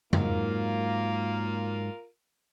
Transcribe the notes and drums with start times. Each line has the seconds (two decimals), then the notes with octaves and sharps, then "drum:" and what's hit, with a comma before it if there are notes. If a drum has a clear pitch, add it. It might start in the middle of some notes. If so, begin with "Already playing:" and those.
0.13 G#2 F#3 A#3 F4 A#4, drum: tom